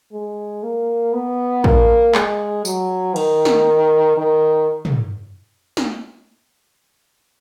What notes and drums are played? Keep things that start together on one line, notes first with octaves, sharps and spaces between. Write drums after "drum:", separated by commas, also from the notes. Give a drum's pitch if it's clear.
G#3
A#3
B3
A#3, drum: kick
G#3, drum: clap
F#3, drum: tambourine
D#3, drum: cymbal
drum: snare
D#3
drum: tom
drum: snare